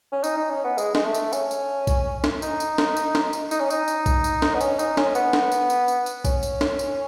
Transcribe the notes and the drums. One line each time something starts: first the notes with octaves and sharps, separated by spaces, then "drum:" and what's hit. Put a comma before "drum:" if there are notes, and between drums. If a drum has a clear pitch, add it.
C#4
D#4, drum: tambourine
D#4
C#4
B3
G#3, drum: tambourine
G#3, drum: snare
A3
drum: tambourine
C#4, drum: tambourine
drum: tambourine
drum: kick B1, tambourine
drum: snare
D#4, drum: tambourine
drum: tambourine
drum: snare
drum: tambourine
drum: snare
drum: tambourine
D#4, drum: tambourine
C#4
D#4, drum: tambourine
drum: tambourine
drum: kick B1, tambourine
drum: tambourine
drum: snare
B3
C#4, drum: tambourine
D#4, drum: tambourine
C#4, drum: snare
B3, drum: tambourine
drum: snare
drum: tambourine
drum: tambourine
drum: tambourine
drum: tambourine
C#4, drum: kick B1, tambourine
drum: tambourine
drum: snare
drum: tambourine